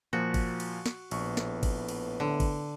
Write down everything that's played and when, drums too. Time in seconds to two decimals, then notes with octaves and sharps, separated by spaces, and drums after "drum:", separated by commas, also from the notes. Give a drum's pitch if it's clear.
0.13 A#2 F3 F#4
0.34 drum: kick, cymbal
0.60 drum: cymbal
0.86 drum: snare
1.11 A#1 A2 B3 C#6, drum: cymbal
1.37 drum: snare
1.63 drum: kick, cymbal
1.89 drum: cymbal
2.20 D3
2.40 drum: kick, cymbal